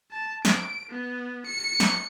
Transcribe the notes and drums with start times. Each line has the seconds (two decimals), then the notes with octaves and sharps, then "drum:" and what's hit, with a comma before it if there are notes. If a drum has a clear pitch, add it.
0.11 A5
0.45 D7, drum: snare
0.89 B3
1.46 C#7
1.80 drum: snare